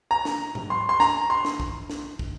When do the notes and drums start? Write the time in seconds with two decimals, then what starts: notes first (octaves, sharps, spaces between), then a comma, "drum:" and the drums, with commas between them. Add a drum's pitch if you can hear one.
0.11 A#5
0.25 drum: snare
0.55 drum: tom G#2
0.70 C6
0.89 C6
1.00 A#5, drum: snare
1.30 C6
1.45 drum: snare
1.60 drum: kick
1.90 drum: snare
2.19 drum: kick